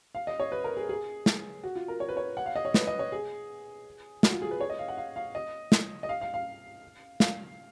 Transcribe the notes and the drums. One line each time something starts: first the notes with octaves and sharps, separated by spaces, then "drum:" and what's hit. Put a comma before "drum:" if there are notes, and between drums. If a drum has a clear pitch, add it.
F5
D#5
C#5
B4
A#4
G#4
G#4
drum: snare
F#4
F4
A#4
C#5
B4
C#5
F#5
F5
D#5
C#5
B4, drum: snare
D#5
C#5
G#4
F#4, drum: snare
F4
G#4
B4
C#5
D#5
F5
F#5
F5
F5
D#5
drum: snare
D#5
F5
F5
F5
F5, drum: snare